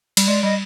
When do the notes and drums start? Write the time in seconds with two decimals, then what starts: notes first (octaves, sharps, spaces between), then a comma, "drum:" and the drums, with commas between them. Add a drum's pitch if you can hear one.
0.17 G3, drum: cymbal
0.27 G#3 D5
0.43 G3 D#5